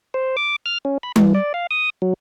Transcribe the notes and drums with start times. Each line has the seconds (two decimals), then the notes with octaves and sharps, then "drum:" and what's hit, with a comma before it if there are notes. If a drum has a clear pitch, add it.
0.14 C5
0.37 D6
0.66 F6
0.85 C#4
1.03 B5
1.16 E3, drum: tom G3
1.35 D5
1.54 F5
1.71 D#6
2.02 F#3